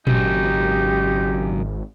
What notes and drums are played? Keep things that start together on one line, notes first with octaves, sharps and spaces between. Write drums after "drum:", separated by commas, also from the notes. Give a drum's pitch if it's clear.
G#1 C#3 F#3 D#4 G4, drum: tom A#2